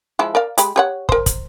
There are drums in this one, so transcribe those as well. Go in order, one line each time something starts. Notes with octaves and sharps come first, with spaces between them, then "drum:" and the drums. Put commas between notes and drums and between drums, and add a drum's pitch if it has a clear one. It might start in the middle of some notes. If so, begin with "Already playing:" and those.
F3 G#3 E4
A#4 D5 F5
G#3 G4 B5, drum: hi-hat
G4 C#5 F#5
A#4 C5, drum: kick
drum: kick, hi-hat